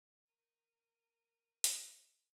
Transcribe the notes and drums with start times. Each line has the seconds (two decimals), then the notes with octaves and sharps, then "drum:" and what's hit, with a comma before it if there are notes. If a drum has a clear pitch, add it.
0.24 A#4 D#7
1.64 drum: hi-hat